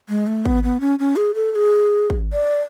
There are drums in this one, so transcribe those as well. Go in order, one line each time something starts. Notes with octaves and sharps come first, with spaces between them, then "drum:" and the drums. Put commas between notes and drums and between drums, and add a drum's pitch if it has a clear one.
G#3
A3
B3, drum: kick G#1
B3
C#4
C#4
G#4
A4
A4
G#4
drum: kick G#1
D5